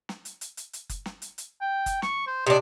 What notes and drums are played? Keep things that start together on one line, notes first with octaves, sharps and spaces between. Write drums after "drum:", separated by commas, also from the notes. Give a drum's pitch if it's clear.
drum: snare
drum: hi-hat
drum: hi-hat
drum: hi-hat
drum: hi-hat
drum: kick F#1, hi-hat
drum: snare
drum: hi-hat
drum: hi-hat
G5
drum: kick F#1, hi-hat
C#6, drum: snare
C5
C3 D4 D#5